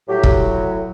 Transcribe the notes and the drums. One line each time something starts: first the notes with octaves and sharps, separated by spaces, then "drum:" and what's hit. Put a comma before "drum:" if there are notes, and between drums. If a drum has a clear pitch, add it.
A2 F#3 G4
drum: kick